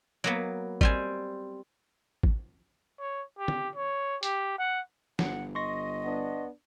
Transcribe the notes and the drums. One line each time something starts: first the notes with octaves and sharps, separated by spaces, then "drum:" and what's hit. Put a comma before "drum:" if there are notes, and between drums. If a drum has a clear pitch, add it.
F#3 A#3 B3
G3 C4 G#5, drum: kick A1
drum: kick A1
C#5
G4
drum: tom
C#5
G4, drum: hi-hat
F#5
G1 F#5, drum: snare
D#5 C6 C#6 A#6
B3 D4